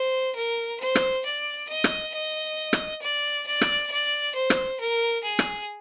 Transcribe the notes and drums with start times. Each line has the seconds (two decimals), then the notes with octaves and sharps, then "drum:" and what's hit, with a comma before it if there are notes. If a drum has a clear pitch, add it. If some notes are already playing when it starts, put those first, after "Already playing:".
Already playing: C5
0.36 A#4
0.80 C5
0.95 drum: rim click
1.25 D5
1.69 D#5
1.84 drum: rim click
2.14 D#5
2.73 drum: rim click
3.02 D5
3.47 D5
3.61 drum: rim click
3.91 D5
4.35 C5
4.50 drum: rim click
4.80 A#4
5.23 G#4
5.39 drum: rim click